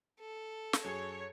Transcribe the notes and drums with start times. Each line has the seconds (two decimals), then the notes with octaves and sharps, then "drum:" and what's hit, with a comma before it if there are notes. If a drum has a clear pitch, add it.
0.19 A4
0.73 drum: snare
0.84 F#2 G#4 C#5